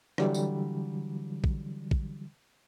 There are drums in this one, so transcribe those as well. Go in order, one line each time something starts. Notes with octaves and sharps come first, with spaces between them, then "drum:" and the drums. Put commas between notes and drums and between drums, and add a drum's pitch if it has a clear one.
D3 E3 F#3 G3, drum: rim click
drum: tambourine
drum: kick
drum: kick